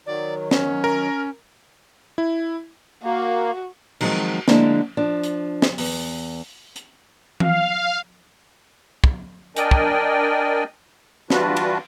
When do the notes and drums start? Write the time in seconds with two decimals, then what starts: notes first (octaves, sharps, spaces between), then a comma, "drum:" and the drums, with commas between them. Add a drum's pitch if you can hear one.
0.06 D#3 F#3 D5
0.51 C#4, drum: snare
0.84 A#4
2.18 E4
3.03 A#3 F#4
4.01 D#3 F3 F#3 G#3 C4, drum: cymbal
4.48 D3 F3 G#3 A#3 D4 E4, drum: snare
4.97 F3 D4
5.24 drum: hi-hat
5.62 drum: snare
5.78 E2, drum: open hi-hat
6.76 drum: hi-hat
7.40 F5, drum: tom E3
9.04 drum: kick
9.56 D4 A#4 D5 D#5 G5 G#5, drum: hi-hat
9.71 drum: kick
11.30 E3 G3 D4 F4 F#4 B4, drum: snare
11.56 drum: cymbal